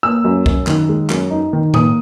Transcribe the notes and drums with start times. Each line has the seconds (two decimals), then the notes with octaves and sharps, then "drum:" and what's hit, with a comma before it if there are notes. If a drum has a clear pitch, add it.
0.03 A#3 E6
0.25 F#2
0.46 F#2, drum: kick
0.67 D#3, drum: clap
0.89 G#3
1.10 F#2, drum: clap
1.31 D#4
1.53 D#3
1.74 A#3 D#6, drum: tom A2